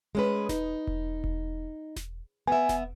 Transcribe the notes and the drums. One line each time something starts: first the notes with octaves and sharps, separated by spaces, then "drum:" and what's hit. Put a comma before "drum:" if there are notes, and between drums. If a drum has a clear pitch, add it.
G#3 C#4 B4
D#4, drum: snare E1
drum: kick E1
drum: kick E1
drum: snare E1
B3 E5 G#5
drum: snare E1